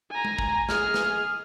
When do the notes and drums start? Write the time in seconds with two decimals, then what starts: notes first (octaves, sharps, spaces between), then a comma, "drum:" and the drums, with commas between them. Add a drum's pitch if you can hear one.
0.11 G#5 A#5
0.25 drum: tom G#3
0.39 drum: kick
0.69 G#4 F6, drum: snare
0.94 drum: snare